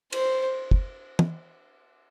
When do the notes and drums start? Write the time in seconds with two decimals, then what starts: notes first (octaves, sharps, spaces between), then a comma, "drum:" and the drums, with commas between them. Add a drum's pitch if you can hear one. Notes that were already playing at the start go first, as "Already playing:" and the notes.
0.12 C5, drum: cymbal
0.71 drum: kick
1.19 drum: tom